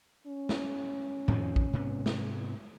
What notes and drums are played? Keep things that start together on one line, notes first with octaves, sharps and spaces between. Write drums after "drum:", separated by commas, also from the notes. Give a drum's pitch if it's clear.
C#4
drum: snare
F2 D#3 F3, drum: tom A2
drum: kick A#1
G#2 C3 B3
drum: snare